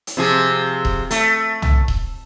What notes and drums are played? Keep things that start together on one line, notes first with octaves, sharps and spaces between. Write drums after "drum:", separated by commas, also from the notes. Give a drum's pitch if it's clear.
drum: hi-hat
C3 F3 G#4
drum: kick D#1
A3, drum: hi-hat
drum: tom
drum: kick D#1